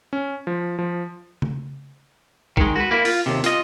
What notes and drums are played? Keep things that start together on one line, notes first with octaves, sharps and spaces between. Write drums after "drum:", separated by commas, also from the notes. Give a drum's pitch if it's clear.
C#4
F3
F3
drum: tom C#3
D#3 G#3, drum: kick
F#4 B4
A#3 E4
F4, drum: open hi-hat
D#2 C3
F4 D#5, drum: hi-hat